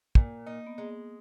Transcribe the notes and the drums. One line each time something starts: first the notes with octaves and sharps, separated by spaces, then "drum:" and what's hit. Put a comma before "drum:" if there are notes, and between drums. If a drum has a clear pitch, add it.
A#2 A#3, drum: kick
A#3 D#4
B3
G#3 A#3